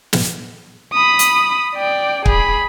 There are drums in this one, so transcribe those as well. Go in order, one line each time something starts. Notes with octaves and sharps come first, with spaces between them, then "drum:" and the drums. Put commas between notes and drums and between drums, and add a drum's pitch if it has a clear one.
drum: snare
B5 D#6
drum: hi-hat
D5 G5
G#4 B5, drum: kick